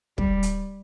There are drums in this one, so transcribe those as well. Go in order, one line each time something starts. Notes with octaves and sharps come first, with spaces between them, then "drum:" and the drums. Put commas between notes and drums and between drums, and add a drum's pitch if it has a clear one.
G3, drum: kick
drum: hi-hat